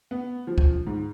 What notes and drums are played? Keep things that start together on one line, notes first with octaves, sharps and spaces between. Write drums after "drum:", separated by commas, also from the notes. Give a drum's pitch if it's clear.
B3
F3
drum: kick
G#2